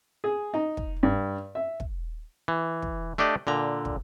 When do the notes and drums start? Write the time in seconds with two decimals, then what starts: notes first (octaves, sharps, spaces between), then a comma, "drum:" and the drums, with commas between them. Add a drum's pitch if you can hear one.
0.24 G#4
0.54 D#4
0.77 drum: kick
1.03 G2
1.55 E5
1.80 drum: kick
2.48 E3
2.82 drum: kick
3.18 A3 D4 G4 D5 D#5
3.47 A#2 D3 A#5
3.85 drum: kick